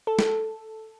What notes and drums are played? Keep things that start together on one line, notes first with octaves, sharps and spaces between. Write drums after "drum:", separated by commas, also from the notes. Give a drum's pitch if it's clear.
A4
drum: snare